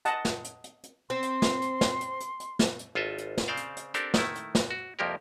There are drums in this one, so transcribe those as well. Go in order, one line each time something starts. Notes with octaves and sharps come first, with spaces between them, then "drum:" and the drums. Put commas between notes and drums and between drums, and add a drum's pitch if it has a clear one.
D#5 F#5 A5, drum: hi-hat
drum: snare
drum: hi-hat
drum: hi-hat
drum: hi-hat
C4 C6
drum: hi-hat
drum: snare
drum: hi-hat
drum: snare
drum: hi-hat
drum: hi-hat
drum: hi-hat
drum: snare
drum: hi-hat
G#1 F4 A4 D#5 E5
drum: hi-hat
drum: snare
C#3 C4 C5 D5 F5
drum: hi-hat
drum: hi-hat
C4 D4 G4 A4 A#4, drum: hi-hat
D#3 A3 E4, drum: snare
drum: hi-hat
drum: snare
F#4
C2 F2 F3 A#3 G4 A#4